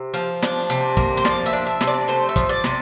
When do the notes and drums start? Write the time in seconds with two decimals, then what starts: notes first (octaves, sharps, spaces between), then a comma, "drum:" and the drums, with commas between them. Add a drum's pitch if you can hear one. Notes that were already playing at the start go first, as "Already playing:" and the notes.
Already playing: C3
0.14 F3
0.42 D4, drum: snare
0.70 C3, drum: hi-hat
0.97 A#3, drum: kick
1.17 C5
1.25 F3 D5, drum: snare
1.46 E5
1.53 D4
1.66 E5
1.81 C3, drum: snare
1.87 D5
2.08 A3 C5
2.29 E5
2.36 F3, drum: kick, hi-hat
2.49 D5
2.64 C3, drum: snare